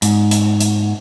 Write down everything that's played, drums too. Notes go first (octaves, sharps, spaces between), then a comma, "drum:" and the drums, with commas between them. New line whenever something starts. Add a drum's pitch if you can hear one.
G#2, drum: hi-hat
drum: hi-hat
drum: hi-hat